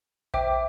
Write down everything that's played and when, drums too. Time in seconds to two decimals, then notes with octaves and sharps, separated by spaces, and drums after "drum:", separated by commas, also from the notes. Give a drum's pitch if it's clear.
0.34 C5 E5 G5 D6, drum: kick A1